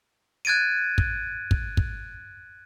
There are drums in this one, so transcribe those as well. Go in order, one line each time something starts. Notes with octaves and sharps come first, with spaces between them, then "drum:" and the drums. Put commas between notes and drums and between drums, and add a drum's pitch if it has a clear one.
F#6 G#6 A6 D7 D#7
drum: kick
drum: kick
drum: kick